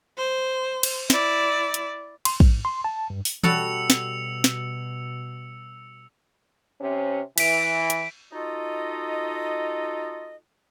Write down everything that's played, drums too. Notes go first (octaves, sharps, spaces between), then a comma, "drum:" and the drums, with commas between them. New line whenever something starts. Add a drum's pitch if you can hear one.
C5
drum: cymbal
E4 D5, drum: snare
drum: hi-hat
C6, drum: cymbal
G#2, drum: kick
C6
A5
G2
drum: open hi-hat
B2 G3 F#4 A4 E6 C#7 F7, drum: tom E3
drum: snare
drum: snare
C3 C#4
E3 B6 D7, drum: cymbal
drum: hi-hat
D#4 F4 F#4 A4 D#5